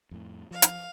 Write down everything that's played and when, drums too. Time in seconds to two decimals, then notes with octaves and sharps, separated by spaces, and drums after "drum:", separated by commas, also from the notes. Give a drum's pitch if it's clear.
0.11 F2 A2
0.51 F3 F5
0.62 drum: hi-hat